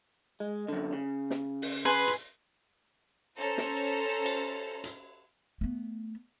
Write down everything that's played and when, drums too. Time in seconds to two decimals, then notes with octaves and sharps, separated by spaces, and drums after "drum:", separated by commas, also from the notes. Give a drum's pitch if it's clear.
0.40 G#3
0.68 F#2 D3
0.93 C#3
1.30 drum: snare
1.62 drum: open hi-hat
1.85 G#4 B4 C6
2.08 drum: hi-hat
3.37 C#4 A4 C5 A#5
3.58 drum: snare
4.26 drum: cymbal
4.84 drum: hi-hat
5.61 A3 B3